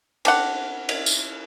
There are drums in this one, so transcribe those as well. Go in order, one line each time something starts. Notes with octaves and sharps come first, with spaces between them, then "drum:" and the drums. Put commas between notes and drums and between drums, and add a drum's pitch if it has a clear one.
C4 D4 F#5, drum: cymbal
drum: cymbal
drum: tambourine